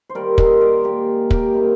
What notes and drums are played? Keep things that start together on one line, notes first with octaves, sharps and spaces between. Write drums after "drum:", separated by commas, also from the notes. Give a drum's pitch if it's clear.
C5
D#3 G3 A#3 A#4 D5
C5 D#5, drum: kick
A#4 D5
A#2 G#3 G4 A#4
G4 A#4, drum: kick
C3 D#3 G3 A#3